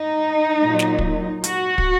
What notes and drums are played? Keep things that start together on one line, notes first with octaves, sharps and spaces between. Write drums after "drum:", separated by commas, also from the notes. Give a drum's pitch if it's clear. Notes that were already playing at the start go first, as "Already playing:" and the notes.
Already playing: D#4
A#2 F#3
drum: snare
drum: kick
F#4, drum: hi-hat
drum: kick